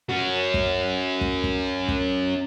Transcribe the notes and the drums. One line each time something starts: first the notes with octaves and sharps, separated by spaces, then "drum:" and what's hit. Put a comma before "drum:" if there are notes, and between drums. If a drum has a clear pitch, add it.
C#4 F#4
drum: kick
drum: kick
drum: kick
drum: kick